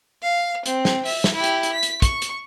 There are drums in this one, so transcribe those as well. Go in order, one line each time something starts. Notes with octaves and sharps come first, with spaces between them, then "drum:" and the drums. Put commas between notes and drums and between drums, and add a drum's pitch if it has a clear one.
F5
C4, drum: hi-hat
drum: snare
E5, drum: open hi-hat
drum: snare
E4 G4
drum: hi-hat
drum: hi-hat
B6
drum: hi-hat
C#6, drum: kick, hi-hat
drum: hi-hat